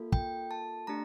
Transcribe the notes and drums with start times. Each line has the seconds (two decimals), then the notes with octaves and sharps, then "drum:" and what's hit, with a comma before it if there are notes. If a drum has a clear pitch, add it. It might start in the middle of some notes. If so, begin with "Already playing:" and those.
Already playing: A#3 F4 A4
0.12 G5, drum: kick
0.51 A5
0.87 A3 D4 G4 A#5